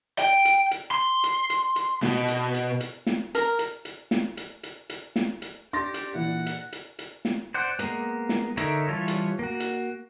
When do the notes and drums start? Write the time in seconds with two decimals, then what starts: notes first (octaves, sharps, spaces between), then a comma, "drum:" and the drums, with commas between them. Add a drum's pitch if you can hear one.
0.19 G5, drum: hi-hat
0.45 drum: hi-hat
0.71 drum: hi-hat
0.91 C6
1.24 drum: hi-hat
1.50 drum: hi-hat
1.76 drum: hi-hat
2.02 B2, drum: snare
2.28 drum: hi-hat
2.54 drum: hi-hat
2.80 drum: hi-hat
3.07 drum: snare
3.35 A#4, drum: hi-hat
3.59 drum: hi-hat
3.85 drum: hi-hat
4.11 drum: snare
4.37 drum: hi-hat
4.63 drum: hi-hat
4.89 drum: hi-hat
5.16 drum: snare
5.42 drum: hi-hat
5.73 D4 G4 C6 A6 A#6
5.94 drum: hi-hat
6.15 A#2 E3 F#5
6.46 drum: hi-hat
6.72 drum: hi-hat
6.99 drum: hi-hat
7.25 drum: snare
7.54 C5 D5 F#5
7.79 G#3 A#3 B3, drum: hi-hat
8.29 drum: snare
8.57 D3 D#4 A#4 C#5 E5, drum: hi-hat
8.88 E3 G3 F4 C#5 A5
9.08 drum: hi-hat
9.39 A#3 F#4
9.60 drum: hi-hat